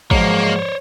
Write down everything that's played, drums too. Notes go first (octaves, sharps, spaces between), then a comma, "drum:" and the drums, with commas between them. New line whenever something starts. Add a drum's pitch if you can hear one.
G#2 F3 F#3 G#3 A#3 C5 C#5, drum: kick